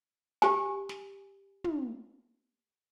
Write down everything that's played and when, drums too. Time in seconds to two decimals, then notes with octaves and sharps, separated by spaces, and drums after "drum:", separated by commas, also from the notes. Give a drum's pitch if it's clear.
0.42 G4 G#5, drum: snare
0.89 drum: snare
1.64 drum: tom